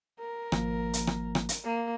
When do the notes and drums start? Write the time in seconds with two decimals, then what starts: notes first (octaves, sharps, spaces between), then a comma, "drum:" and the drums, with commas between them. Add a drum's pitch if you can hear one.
0.20 A#4
0.52 G#1 F3 A#3, drum: rim click
0.93 drum: hi-hat
1.07 drum: rim click
1.35 drum: rim click
1.49 drum: hi-hat
1.64 A#3